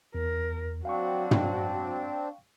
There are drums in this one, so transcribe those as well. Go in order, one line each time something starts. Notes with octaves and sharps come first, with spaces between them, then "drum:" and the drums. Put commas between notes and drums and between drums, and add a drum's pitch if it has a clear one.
E2 A#4
F#3 C4 D4 F#4 F5 G5 C#6
drum: tom